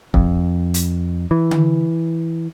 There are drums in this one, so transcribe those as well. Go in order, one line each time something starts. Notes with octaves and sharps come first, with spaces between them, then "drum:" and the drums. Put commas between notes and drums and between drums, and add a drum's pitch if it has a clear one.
F2, drum: kick
drum: hi-hat
E3
drum: tom D3